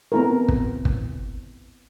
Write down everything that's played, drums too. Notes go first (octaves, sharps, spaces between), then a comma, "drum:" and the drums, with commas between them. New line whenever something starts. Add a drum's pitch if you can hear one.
B3 C4 E4 A4 A#4
drum: kick
drum: kick